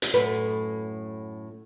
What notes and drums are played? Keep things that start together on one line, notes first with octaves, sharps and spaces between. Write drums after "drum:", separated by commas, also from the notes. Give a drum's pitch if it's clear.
drum: hi-hat
F#2 A2 B4